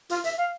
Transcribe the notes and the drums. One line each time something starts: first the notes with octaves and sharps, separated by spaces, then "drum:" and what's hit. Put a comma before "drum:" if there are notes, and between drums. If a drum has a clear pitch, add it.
F4, drum: hi-hat
E5, drum: hi-hat
F5